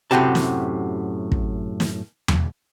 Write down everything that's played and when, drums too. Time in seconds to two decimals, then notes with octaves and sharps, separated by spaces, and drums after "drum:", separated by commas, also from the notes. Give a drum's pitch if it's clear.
0.11 F#2 A2 C3 F#4 G4 A5
0.35 drum: snare
1.32 drum: kick
1.80 drum: snare
2.28 drum: tom E2